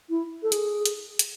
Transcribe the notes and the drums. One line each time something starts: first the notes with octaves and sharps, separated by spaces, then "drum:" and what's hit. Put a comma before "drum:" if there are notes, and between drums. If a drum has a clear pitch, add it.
E4
A4
G#4, drum: hi-hat
drum: hi-hat
drum: hi-hat